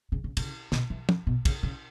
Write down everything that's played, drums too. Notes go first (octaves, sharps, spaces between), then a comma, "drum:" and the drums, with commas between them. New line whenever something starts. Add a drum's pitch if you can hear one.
C#3
C#3
C#3, drum: cymbal
B2, drum: snare
E3
drum: tom
B2
C#3, drum: kick, cymbal
C#3